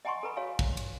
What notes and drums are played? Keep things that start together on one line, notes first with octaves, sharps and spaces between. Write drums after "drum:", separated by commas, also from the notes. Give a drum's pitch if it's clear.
D#5 F#5 G#5 A#5 C6 C#6
A4 B4 A#5 B5
F#4 C#5 F5 G#5 A#5
drum: kick
drum: cymbal